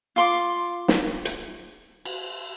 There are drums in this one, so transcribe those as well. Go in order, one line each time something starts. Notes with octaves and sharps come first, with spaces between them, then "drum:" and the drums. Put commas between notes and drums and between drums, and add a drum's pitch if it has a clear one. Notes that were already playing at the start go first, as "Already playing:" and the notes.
F4 C6 D6
drum: snare
drum: hi-hat
drum: cymbal